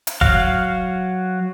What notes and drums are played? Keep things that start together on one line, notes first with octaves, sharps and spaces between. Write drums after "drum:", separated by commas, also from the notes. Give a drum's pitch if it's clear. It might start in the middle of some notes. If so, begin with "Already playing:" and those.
drum: hi-hat
F#3 F#4 F5 F6, drum: kick F1